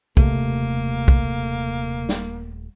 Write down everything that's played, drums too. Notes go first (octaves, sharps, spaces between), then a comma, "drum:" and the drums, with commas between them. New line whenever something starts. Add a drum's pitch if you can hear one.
D#1 C3 A3 A#3, drum: kick B1
drum: kick B1
drum: snare